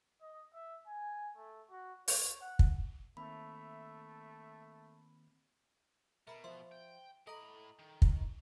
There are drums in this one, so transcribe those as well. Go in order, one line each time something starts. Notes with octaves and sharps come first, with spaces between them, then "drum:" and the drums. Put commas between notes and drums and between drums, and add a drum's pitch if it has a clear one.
D#5
E5
G#5
A3
F#4
C#5, drum: open hi-hat
F#5
drum: kick
D#3 A3 A#3 C4 E5 B5
B2 A#4 E5 B5
F3 E5 C6
G5
A2 A4 D#5 A#5 B5
D#3
drum: kick